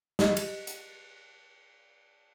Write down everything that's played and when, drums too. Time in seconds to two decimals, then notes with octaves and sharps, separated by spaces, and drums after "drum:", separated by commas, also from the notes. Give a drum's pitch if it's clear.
0.19 G4 D#5, drum: snare
0.37 drum: cymbal
0.67 drum: hi-hat